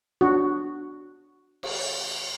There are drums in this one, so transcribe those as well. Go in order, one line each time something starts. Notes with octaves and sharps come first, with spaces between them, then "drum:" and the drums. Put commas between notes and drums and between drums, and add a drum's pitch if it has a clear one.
D4 F#4
drum: cymbal